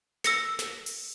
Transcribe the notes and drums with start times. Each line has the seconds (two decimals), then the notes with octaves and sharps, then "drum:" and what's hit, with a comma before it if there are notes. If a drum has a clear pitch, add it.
0.24 E6 A#6 C#7, drum: snare
0.59 drum: snare
0.86 drum: open hi-hat